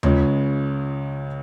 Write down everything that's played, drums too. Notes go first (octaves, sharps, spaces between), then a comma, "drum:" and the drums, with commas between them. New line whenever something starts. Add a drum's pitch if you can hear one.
C#2 C#3 G#3 C#4 F4, drum: tom D#2